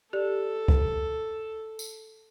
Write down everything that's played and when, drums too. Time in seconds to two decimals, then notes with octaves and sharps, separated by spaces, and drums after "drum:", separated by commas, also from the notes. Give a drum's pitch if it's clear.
0.13 G4 A4 D5
0.68 drum: kick C#2
1.79 drum: tambourine